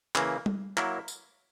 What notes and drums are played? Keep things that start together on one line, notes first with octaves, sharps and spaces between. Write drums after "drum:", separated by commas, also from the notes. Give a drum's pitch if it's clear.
C#3 E3 A#3, drum: clap
drum: tom G3
F#3 A#3 E4 A#4, drum: clap
drum: tambourine